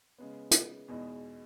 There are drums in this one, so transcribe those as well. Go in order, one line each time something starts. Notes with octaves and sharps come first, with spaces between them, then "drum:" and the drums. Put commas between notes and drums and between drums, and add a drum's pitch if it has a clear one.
C#3 G#3 B3
drum: hi-hat
E2 B2 G#3 D#4